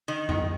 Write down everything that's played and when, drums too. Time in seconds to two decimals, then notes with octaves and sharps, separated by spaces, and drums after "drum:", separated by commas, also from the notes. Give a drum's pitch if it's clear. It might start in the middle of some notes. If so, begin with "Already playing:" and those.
0.08 D#3
0.29 D#3, drum: tom F2